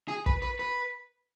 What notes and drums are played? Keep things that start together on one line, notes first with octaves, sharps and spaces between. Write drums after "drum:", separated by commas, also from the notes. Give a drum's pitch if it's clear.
G#4
B4, drum: kick
B4
B4